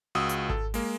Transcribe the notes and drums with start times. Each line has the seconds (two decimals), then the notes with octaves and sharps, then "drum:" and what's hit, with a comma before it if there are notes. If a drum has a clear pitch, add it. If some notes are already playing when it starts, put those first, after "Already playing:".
0.15 C#2 F#4 D#6 E6
0.29 drum: hi-hat
0.50 A4, drum: kick G#1
0.74 G#3 A#3, drum: open hi-hat